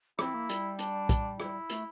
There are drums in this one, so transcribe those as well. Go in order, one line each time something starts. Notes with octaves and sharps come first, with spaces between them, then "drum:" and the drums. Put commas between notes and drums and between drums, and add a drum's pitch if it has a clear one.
C4 E4, drum: rim click
A#3
G3, drum: hi-hat
D4, drum: hi-hat
drum: kick, hi-hat
E4, drum: rim click
A3, drum: hi-hat